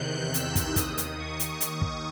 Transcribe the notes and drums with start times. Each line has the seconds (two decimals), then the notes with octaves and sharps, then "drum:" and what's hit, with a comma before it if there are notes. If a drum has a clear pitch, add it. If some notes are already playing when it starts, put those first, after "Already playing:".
Already playing: E2 C3 D#3 F#6 G6
0.34 E6, drum: hi-hat
0.56 drum: kick, hi-hat
0.76 D#2 D#3 D#6, drum: kick, hi-hat
0.98 drum: hi-hat
1.19 C#6
1.40 drum: hi-hat
1.61 drum: hi-hat
1.81 drum: kick